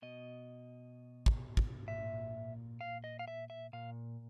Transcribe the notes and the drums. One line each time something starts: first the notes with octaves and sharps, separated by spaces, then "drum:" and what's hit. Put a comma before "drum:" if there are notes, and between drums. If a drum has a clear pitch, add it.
B2 D#5
drum: kick
drum: kick
A#2 E5
F5
D#5
F5
E5
E5
A#2 F5